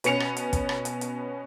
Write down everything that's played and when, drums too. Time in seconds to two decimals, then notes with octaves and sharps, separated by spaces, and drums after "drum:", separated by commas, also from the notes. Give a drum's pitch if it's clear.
0.04 B2 B3 C#4 C#7 F7, drum: hi-hat
0.20 drum: rim click
0.37 drum: hi-hat
0.53 drum: kick, hi-hat
0.69 drum: rim click
0.85 drum: hi-hat
1.01 drum: hi-hat